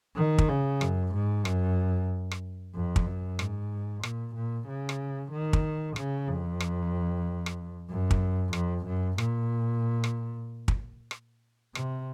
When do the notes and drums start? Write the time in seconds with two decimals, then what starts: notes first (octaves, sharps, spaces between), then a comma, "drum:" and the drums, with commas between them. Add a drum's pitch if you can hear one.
0.16 D#3
0.38 drum: kick
0.49 C#3
0.81 F#2, drum: rim click
1.14 G#2
1.45 F#2, drum: rim click
2.31 drum: rim click
2.75 F2
2.96 drum: kick
3.06 F#2
3.39 G#2, drum: rim click
4.03 A#2, drum: rim click
4.35 A#2
4.68 C#3
4.89 drum: rim click
5.32 D#3
5.53 drum: kick
5.96 C#3, drum: rim click
6.28 F2
6.60 drum: rim click
7.46 drum: rim click
7.89 F#2
8.11 drum: kick
8.53 F2, drum: rim click
8.86 F#2
9.18 A#2, drum: rim click
10.04 drum: rim click
10.68 drum: kick
11.11 drum: rim click
11.75 C3, drum: rim click